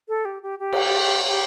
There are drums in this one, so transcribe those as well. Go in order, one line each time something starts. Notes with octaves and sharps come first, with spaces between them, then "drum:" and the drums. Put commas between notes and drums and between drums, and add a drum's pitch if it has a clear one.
A4
G4
G4
G4
drum: cymbal
G4